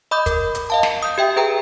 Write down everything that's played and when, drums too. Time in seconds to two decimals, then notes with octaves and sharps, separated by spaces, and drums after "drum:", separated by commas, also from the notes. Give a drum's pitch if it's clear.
0.11 D#5 B5 D6 D#6 G6
0.26 A#4, drum: kick, hi-hat
0.55 drum: hi-hat
0.70 D#5 F5 A5
0.83 drum: snare
1.03 D#6 G6
1.18 G4 E5 G5
1.36 G#4 B4 G5 A#5